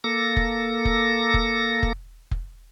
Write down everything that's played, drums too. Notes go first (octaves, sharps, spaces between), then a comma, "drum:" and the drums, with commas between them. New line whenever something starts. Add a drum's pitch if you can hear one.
A#3 A4 A#6
drum: kick F1
drum: kick F1
drum: kick F1
drum: kick F1
drum: kick F1